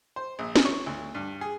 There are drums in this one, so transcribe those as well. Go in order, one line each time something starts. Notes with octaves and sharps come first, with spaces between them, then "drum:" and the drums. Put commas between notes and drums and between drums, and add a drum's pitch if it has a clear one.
C5
A#1
drum: snare
C#5
D2
G2
G#4